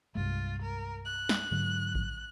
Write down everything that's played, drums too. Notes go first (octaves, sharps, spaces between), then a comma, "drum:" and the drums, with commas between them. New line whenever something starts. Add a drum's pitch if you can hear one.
C2 G2 G#3 F4
A#4
F#6
drum: snare
G#2 D3 F#3
drum: kick A1